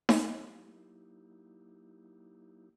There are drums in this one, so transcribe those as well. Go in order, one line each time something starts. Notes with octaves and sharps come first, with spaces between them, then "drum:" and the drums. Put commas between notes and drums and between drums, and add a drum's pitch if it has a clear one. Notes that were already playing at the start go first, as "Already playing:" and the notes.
drum: snare D#4
F#3 A#3 D#4 E4 G4